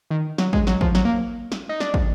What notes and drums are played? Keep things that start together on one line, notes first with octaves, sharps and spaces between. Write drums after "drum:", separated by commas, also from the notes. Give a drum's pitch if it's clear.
D#3
F#3, drum: snare
G#3, drum: kick
F#3, drum: snare
F3, drum: kick
F#3, drum: snare
A#3
drum: snare
D#4
D4, drum: snare
drum: kick